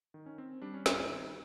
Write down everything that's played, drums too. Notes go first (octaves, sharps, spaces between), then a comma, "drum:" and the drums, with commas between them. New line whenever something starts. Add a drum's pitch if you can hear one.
D#3
C#4
C4
G3 D4
C#4
G2 D4, drum: snare
E4
D#3